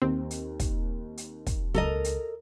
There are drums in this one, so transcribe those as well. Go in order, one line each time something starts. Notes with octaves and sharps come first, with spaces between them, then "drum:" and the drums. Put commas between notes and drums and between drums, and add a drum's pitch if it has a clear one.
D#2 C4
drum: hi-hat
drum: kick, hi-hat
drum: hi-hat
drum: kick, hi-hat
C#2 A4 A#4 D#5
drum: hi-hat